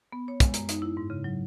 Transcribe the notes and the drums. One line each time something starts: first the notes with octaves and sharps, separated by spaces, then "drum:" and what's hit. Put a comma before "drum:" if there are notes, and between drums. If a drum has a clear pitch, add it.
B3
C#5
G#3, drum: kick, hi-hat
F#2, drum: hi-hat
D#4, drum: hi-hat
E4
G#2
C#3
F#3